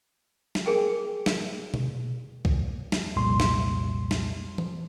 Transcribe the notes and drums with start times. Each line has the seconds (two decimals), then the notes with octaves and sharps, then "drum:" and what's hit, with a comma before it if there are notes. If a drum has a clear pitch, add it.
0.55 drum: snare
0.66 G#4 A#4 G5 G#5
1.26 drum: snare
1.74 drum: tom B2
2.45 drum: kick C2
2.92 drum: snare
3.16 C2 F2 A#2 G3 C6
3.40 drum: snare
4.11 drum: snare
4.58 drum: tom E3